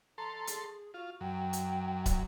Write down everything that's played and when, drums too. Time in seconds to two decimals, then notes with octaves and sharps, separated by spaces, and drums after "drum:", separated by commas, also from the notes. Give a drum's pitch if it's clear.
0.18 A4 A#5 C6
0.47 G#4, drum: hi-hat
0.94 F4 F#4
1.21 F#2 G5
1.53 drum: hi-hat
2.06 drum: kick, hi-hat